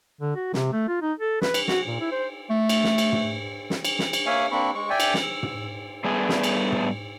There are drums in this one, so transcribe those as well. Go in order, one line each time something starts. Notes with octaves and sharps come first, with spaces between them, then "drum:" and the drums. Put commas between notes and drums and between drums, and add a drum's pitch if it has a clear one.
D3
F#4
C3, drum: snare
A3
F4
D#4
A4
B4, drum: snare
drum: cymbal
F#4, drum: snare
A#2
E4
C5
A3
drum: cymbal
drum: snare
drum: cymbal
drum: tom
drum: snare
drum: cymbal
drum: snare
drum: cymbal
A#3 C#5 E5 F5 G#5
A#3 C4 D4 B5 C#6
G#3 C#6
D5 E5 G5 G#5
drum: cymbal
drum: snare
E6
drum: tom
G3 A3 B3 D4 G#4
drum: snare
drum: cymbal
drum: tom